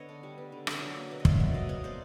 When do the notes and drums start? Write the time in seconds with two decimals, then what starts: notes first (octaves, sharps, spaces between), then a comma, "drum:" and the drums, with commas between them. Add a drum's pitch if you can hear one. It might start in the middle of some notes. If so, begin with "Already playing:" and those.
Already playing: D3 B3 C#5 D#5
0.09 D4
0.23 G3
0.38 B3
0.52 D3
0.67 D4, drum: rim click
0.82 F#3
0.96 A#3
1.11 B2
1.20 D#5
1.25 D4 D5 E5, drum: kick
1.39 F#3 E5 F#5
1.54 A#3 D#5 F5
1.69 B2 C#5 D#5
1.84 B2 C5 D5